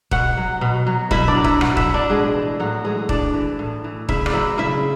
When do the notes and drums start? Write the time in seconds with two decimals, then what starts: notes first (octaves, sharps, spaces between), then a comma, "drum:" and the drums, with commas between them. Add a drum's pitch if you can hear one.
0.11 B2 F#4 F#5, drum: kick
0.37 F#3
0.61 B2
0.87 F#3
1.11 B2 E4 E5, drum: kick
1.28 D4 D5
1.36 F#3
1.44 E4 E5, drum: kick
1.61 B2 F#4 F#5, drum: rim click
1.77 E4 E5, drum: kick
1.85 F#3
1.94 D4 D5
2.10 A2 G#3 G#4
2.35 E3
2.60 A2 F#3 F#4
2.85 E3 G#3 G#4
3.09 A2 D4 D5, drum: kick
3.34 E3
3.59 A2
3.84 E3
4.09 C#3 E4 E5, drum: kick
4.26 D5, drum: rim click
4.33 F#3 E4 E5
4.58 C#3 E4 E5